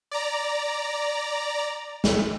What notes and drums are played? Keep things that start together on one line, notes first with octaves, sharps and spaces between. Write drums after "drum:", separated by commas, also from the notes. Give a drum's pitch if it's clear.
D5 A#5
drum: snare